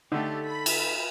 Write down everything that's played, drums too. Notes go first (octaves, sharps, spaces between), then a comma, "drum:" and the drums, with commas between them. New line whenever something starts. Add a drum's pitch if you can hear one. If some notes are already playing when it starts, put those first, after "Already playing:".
D3 A3 D#4 G4 A4 F#5
B5 B6
drum: cymbal